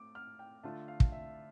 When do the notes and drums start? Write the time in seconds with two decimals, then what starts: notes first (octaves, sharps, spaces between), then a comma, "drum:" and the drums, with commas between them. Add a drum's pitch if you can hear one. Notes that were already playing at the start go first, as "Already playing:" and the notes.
Already playing: A3 C4 D6
0.15 F6
0.39 G5
0.63 D3 A3 D4 F4 A5
0.88 F5
1.00 drum: kick
1.12 E5